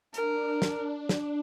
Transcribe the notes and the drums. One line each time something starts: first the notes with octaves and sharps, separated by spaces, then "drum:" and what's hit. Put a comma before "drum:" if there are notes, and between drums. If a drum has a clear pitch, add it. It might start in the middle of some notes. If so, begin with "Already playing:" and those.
D4 A#4, drum: hi-hat
drum: snare
drum: snare